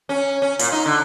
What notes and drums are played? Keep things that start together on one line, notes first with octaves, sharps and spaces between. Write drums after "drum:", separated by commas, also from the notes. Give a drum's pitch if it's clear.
C#4
C#4
A#2, drum: hi-hat
D#4
D3